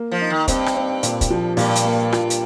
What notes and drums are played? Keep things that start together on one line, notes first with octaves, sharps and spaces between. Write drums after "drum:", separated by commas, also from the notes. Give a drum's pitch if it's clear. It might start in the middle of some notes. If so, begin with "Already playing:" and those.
Already playing: A#3
F3
D#4
D#3
G2 C4, drum: kick, hi-hat
drum: rim click
C4
A#2, drum: hi-hat
drum: kick, hi-hat
F3
G2 A#2, drum: open hi-hat
drum: hi-hat
A#3
F4, drum: rim click
drum: hi-hat